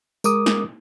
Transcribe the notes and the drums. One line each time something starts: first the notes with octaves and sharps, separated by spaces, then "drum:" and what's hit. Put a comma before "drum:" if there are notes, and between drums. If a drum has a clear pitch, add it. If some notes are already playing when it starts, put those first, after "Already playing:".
G#3 A#4 D6 D#6, drum: tambourine
drum: snare